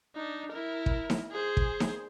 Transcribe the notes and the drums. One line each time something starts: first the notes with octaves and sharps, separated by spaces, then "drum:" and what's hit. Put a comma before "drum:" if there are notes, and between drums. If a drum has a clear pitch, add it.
D4 D#4
E4 A#4
drum: kick
drum: snare D#4
G#4 C5
drum: kick
drum: snare D#4